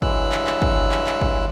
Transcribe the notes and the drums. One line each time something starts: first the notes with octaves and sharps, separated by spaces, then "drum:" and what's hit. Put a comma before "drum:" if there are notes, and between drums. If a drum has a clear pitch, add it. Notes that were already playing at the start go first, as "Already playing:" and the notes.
G2 E3 F#3 G#3 E6 F#6, drum: kick
drum: clap
drum: clap
drum: kick
drum: clap
drum: clap
drum: kick